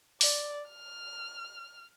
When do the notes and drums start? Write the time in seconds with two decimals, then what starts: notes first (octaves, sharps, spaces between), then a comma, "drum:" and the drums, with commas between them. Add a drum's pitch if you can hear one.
0.21 D5, drum: open hi-hat
0.70 F6